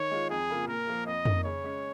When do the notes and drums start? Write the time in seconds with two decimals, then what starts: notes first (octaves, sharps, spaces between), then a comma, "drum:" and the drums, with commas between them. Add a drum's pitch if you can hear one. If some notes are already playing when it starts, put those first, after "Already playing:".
Already playing: D#3 C#5
0.11 G#3 F4
0.30 F2 G#4
0.50 C#3 A#3 F4
0.68 A#2 A#4
0.87 F3 A#3 F4
1.06 F2 D#5
1.25 D#3 A#3 D#4, drum: tom
1.45 C#3 C#5
1.64 G#3 C#4